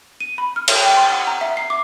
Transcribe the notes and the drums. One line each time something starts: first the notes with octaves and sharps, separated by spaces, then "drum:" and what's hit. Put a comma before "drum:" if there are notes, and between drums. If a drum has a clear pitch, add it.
D#7
B5
F6
F7, drum: cymbal
G5
C6
F#5
A#5
E5
C7
D6